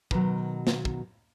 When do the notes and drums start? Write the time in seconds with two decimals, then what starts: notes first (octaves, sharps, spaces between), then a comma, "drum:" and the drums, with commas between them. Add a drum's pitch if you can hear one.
0.11 B2 D#3 F#3, drum: kick
0.67 drum: snare
0.85 drum: kick